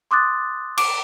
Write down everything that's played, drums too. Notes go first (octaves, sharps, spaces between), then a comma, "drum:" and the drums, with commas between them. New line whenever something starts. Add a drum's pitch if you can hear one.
C6 D6 D#6 F#6 A6
D6 D7, drum: cymbal